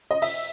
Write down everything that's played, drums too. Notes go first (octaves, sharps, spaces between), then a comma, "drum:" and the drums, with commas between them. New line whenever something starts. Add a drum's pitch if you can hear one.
D#5
E5, drum: open hi-hat